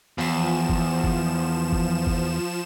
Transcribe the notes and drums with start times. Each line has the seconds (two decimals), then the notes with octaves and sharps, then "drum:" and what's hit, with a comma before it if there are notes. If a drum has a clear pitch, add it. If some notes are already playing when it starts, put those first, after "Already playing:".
0.18 E2 F3 E7
0.69 drum: kick
1.04 drum: kick
1.73 drum: kick
2.07 drum: kick